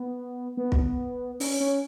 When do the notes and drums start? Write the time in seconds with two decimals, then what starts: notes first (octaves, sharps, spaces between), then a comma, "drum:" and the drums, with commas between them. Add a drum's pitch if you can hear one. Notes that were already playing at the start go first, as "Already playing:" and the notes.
Already playing: B3
0.57 B3
0.72 drum: kick
1.40 C#4, drum: open hi-hat
1.60 C#4